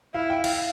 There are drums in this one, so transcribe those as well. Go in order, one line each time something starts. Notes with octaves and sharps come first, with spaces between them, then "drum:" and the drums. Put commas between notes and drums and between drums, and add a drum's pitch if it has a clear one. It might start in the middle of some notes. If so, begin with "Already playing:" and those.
E4 F5
G5
F5, drum: cymbal